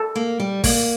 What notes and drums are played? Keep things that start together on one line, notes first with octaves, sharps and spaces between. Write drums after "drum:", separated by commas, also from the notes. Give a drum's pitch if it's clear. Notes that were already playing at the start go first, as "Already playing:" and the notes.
Already playing: A4
A#3
G3
A#3, drum: kick, open hi-hat